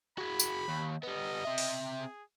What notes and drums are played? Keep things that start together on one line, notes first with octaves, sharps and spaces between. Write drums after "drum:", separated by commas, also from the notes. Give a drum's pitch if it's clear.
F#4 G#4 B5
drum: tambourine
D#2
G3 B3 D#5
C4 E5
drum: open hi-hat
G#4